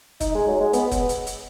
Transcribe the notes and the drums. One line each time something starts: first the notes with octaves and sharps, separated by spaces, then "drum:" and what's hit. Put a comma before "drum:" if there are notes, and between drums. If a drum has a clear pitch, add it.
D#4, drum: kick F#1, hi-hat
G#3
F#3
G#3
B3, drum: hi-hat
drum: kick F#1, hi-hat
drum: hi-hat
drum: hi-hat